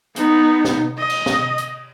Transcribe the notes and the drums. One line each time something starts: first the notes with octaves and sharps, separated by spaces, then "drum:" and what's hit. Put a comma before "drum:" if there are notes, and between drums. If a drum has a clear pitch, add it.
B3 D#4, drum: hi-hat
drum: snare
D#5
drum: cymbal
drum: snare
drum: hi-hat